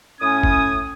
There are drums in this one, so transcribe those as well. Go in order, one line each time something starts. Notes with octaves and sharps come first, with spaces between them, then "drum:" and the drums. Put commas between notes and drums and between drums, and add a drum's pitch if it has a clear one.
A2 C#4 D#6 G#6
drum: kick